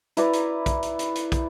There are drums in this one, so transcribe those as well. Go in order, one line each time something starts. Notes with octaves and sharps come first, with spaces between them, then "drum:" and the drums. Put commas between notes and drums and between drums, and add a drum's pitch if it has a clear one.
E4 B4 D5 A#5, drum: hi-hat
drum: hi-hat
drum: kick, hi-hat
drum: hi-hat
drum: hi-hat
drum: hi-hat
drum: kick, hi-hat